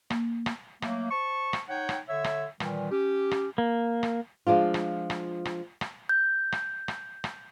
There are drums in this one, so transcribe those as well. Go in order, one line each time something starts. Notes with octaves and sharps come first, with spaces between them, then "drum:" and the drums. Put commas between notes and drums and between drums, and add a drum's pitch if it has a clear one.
A#3, drum: rim click
drum: rim click
F#3 A3 A#3, drum: rim click
C5 A5 C#6
drum: rim click
D#4 C#5 F#5 G5
drum: rim click
D3 C#5 E5
drum: rim click
A#2 D#3 E3 G3, drum: rim click
C#4 G4
drum: rim click
A#3
drum: rim click
F3 G#3 D4 F4
drum: rim click
drum: rim click
drum: rim click
drum: rim click
G6
drum: rim click
drum: rim click
drum: rim click